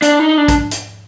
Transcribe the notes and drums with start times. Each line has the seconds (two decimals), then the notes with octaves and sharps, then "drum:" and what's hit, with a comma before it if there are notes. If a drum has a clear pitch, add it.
0.02 D4, drum: hi-hat
0.19 D#4
0.38 D4
0.48 drum: kick, hi-hat
0.71 drum: hi-hat